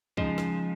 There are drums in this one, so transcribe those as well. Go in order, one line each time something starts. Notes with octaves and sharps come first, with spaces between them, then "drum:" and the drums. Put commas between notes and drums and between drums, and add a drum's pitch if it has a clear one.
C#3 F3 G#3 D#4, drum: kick
drum: snare